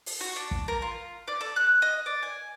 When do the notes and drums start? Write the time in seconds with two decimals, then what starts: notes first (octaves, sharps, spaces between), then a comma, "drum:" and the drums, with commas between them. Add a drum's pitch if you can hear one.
0.06 drum: open hi-hat
0.20 F#4
0.36 D4
0.51 drum: kick
0.68 A#4
0.82 F4
1.28 D5
1.41 A4
1.56 F#6
1.82 D#5
2.06 D5
2.23 G#5